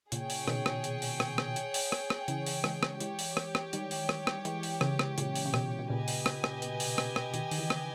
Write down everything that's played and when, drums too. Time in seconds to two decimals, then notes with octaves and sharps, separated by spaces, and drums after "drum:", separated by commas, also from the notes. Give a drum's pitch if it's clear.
0.12 A#2 C#3 G#4 C#5 G5, drum: hi-hat
0.30 drum: open hi-hat
0.48 B2 D#3, drum: rim click
0.66 drum: rim click
0.84 drum: hi-hat
1.02 drum: open hi-hat
1.20 drum: rim click
1.38 drum: rim click
1.56 drum: hi-hat
1.74 drum: open hi-hat
1.92 drum: rim click
2.10 drum: rim click
2.28 C#3 E3, drum: hi-hat
2.46 drum: open hi-hat
2.64 E3 G#3, drum: rim click
2.83 drum: rim click
3.00 E3 G#3 G4 C#5 G5, drum: hi-hat
3.19 drum: open hi-hat
3.37 drum: rim click
3.55 drum: rim click
3.73 D#3 G3, drum: hi-hat
3.91 drum: open hi-hat
4.09 drum: rim click
4.27 drum: rim click
4.45 E3 G#3, drum: hi-hat
4.63 drum: open hi-hat
4.81 C#3 E3, drum: rim click
4.99 drum: rim click
5.18 A#2 C#3, drum: hi-hat
5.35 drum: open hi-hat
5.45 C#3
5.54 B2, drum: rim click
5.79 B2
5.89 A#2 C#3 G4 B4 D#5 G#5
6.08 drum: open hi-hat
6.26 drum: rim click
6.44 drum: rim click
6.62 B2, drum: hi-hat
6.80 drum: open hi-hat
6.98 drum: rim click
7.16 drum: rim click
7.34 B2 D#3, drum: hi-hat
7.51 D#3, drum: open hi-hat
7.58 C#3 E3
7.70 drum: rim click